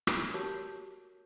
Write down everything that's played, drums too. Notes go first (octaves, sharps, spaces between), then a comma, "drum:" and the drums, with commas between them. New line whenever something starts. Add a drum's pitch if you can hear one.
drum: rim click
F#4 G4 A#4 C#5 A5